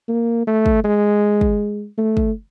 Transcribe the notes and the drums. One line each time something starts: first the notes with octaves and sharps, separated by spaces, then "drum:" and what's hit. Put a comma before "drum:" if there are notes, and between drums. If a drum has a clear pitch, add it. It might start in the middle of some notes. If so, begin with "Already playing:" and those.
A#3
A3
drum: kick
G#3
drum: kick
A3
drum: kick